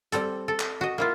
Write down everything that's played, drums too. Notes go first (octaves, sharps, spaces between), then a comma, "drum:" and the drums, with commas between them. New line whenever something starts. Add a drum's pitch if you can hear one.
G3 C4 A4, drum: hi-hat
A4
drum: clap
F#4 D#5
A#3 E4 F4